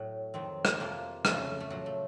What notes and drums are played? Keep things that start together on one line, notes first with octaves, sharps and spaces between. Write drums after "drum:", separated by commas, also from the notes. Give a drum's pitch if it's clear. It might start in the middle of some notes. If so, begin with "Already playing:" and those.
Already playing: A2 F#3
F2 D#3 F#3 C4
drum: rim click
F2 C3 F3 A#3
F2 C#3 F#3 A3, drum: rim click
A3
A#2 F3 F#3
A3